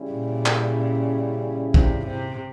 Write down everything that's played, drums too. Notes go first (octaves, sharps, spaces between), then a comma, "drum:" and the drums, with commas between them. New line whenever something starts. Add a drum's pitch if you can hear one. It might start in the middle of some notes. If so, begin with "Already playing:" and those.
Already playing: C#3 G3 C#4 E4
A#2
drum: clap
C3, drum: kick A#1
C3